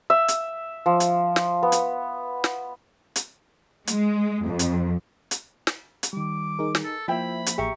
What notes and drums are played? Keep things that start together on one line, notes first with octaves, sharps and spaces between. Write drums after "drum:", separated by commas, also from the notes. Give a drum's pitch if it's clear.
E5
drum: hi-hat
F3
drum: hi-hat
drum: snare
B3
drum: hi-hat
drum: snare
drum: hi-hat
G#3, drum: hi-hat
F2
drum: hi-hat
drum: hi-hat
drum: snare
drum: hi-hat
D#3 G3 D6
D#4 G#4 A#4
drum: snare
A4
F3 A#3 E4 F4 C5 E5 G5 B5
drum: hi-hat
A1 G4 G#4 E5 A#5 C#6